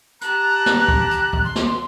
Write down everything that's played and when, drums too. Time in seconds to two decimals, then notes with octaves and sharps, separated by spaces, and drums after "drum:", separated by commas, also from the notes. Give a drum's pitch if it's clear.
0.21 G4 A5 A#5 F#6, drum: hi-hat
0.66 drum: snare
0.88 drum: kick
1.11 drum: hi-hat
1.33 drum: kick
1.44 C6
1.55 drum: snare